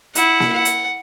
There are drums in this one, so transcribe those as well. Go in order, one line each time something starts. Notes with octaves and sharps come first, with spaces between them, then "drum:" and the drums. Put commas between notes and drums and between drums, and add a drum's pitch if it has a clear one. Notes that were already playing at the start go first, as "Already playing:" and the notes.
E4 F#5, drum: hi-hat
drum: snare A#3
F#5
drum: hi-hat